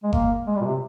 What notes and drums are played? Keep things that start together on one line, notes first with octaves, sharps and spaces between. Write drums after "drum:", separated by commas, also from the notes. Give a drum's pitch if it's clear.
G#3
A#3, drum: kick G1
G#3
G3
A#2
C3